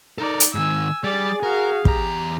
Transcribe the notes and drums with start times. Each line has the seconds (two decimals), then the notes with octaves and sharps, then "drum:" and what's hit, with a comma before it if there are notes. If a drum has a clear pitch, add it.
0.18 D#4 A4 A#4 D5
0.40 drum: hi-hat
0.55 G#2 D#3 G#5 E6
1.04 G3 G#4 D5 A6
1.43 F#4 A#4 F5
1.85 E2 G4 A#5, drum: kick